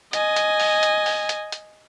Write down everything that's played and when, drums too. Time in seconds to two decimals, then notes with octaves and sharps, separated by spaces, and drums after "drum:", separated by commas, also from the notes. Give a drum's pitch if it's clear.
0.13 D#5 G#5, drum: hi-hat
0.36 drum: hi-hat
0.60 drum: open hi-hat
0.83 drum: hi-hat
1.06 drum: open hi-hat
1.29 drum: hi-hat
1.52 drum: hi-hat